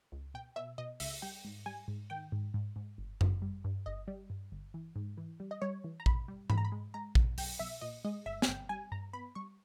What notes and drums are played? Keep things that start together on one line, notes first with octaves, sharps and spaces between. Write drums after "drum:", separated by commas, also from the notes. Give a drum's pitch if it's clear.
C#2
B2 G5
B2 E5
B2 D#5
C#2 E5, drum: open hi-hat
G3 G5
G#2
G3 G#5
G#2
D#3 G5
G#2
G#2
G#2
G1
G1, drum: tom F#2
G3
G2
G1 D#5
G3
G2
G1
E3
G#2
E3
G3
D#5
G3 C#5
E3
A#5
G#1 B5, drum: kick A#1
G3
G#3 B5, drum: tom G#2
A#5
B5
G#3
G#3 A#5
B1, drum: kick A#1
B1 G5, drum: open hi-hat
B1 E5
A#2 D#5
G#3 D#5
G1 E5
G#5, drum: snare
G1 G5
G3 G#5
G2 A#5
B3 B5
G3 C#6